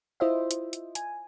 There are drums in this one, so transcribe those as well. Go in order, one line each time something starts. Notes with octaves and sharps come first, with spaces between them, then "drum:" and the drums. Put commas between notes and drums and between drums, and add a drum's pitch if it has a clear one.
E4 F4 C5 D#5 E5
drum: hi-hat
drum: hi-hat
G#5, drum: hi-hat